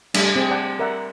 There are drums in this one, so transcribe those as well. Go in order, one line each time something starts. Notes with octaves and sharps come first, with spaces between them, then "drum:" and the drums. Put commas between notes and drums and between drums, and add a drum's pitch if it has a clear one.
G3 A3 D4, drum: cymbal
C4 G#4
D5 F#5 G5 A5
A#4 D5 E5 F#5